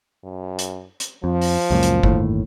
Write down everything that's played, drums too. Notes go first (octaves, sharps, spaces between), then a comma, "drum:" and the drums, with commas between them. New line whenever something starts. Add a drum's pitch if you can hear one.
F#2
drum: hi-hat
drum: hi-hat
F2 F3
drum: open hi-hat
C#2 F#2 A#2
drum: hi-hat
G1 D#2 A2, drum: kick G1